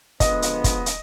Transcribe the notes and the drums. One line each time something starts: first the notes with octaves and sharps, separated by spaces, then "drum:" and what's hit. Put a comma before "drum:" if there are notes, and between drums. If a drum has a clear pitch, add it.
D3 F3 G#3 B3 D#5, drum: kick, hi-hat
drum: hi-hat
drum: kick, hi-hat
drum: hi-hat